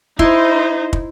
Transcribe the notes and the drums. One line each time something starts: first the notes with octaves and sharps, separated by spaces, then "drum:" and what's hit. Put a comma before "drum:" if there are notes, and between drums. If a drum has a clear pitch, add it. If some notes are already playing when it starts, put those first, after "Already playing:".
D#4 E4 C5 C6, drum: kick
drum: kick